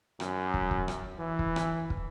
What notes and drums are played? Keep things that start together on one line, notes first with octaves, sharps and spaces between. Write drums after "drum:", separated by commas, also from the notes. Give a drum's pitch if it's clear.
F#2, drum: rim click
drum: kick
drum: kick
drum: rim click
E3
drum: kick
drum: rim click
drum: kick